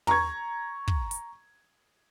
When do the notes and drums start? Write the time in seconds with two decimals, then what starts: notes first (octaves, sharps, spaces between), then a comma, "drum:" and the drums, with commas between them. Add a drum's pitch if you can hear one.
0.07 A#5 C#6 G#6, drum: tom
0.88 drum: kick
1.11 drum: hi-hat